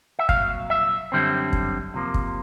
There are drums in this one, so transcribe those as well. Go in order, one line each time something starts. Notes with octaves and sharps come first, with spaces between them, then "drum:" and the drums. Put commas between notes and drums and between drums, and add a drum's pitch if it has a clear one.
E5
C2 A#2 F#3 F5, drum: kick
E5
F#2 D3 G3 C4
drum: kick
C3 F3 A#3
drum: kick